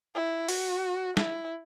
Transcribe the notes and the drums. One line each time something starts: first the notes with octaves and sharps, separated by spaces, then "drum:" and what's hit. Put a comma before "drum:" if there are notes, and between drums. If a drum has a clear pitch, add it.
E4
F#4, drum: open hi-hat
E4, drum: snare